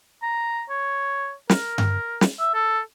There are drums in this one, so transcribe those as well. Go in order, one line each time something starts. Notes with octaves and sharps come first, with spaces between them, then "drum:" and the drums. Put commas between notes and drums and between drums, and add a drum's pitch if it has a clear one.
A#5
C#5
A#4, drum: snare
drum: tom G2
drum: snare
E5
A4